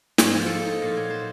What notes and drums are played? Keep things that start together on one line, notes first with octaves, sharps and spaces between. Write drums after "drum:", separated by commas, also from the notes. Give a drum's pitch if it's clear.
G#2, drum: snare
F3
A4
D#4
A#2
F#3
C5